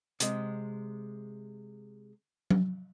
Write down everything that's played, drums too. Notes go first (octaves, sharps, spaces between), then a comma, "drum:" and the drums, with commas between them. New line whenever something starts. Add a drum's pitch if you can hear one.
C3 G#3, drum: hi-hat
drum: tom F#3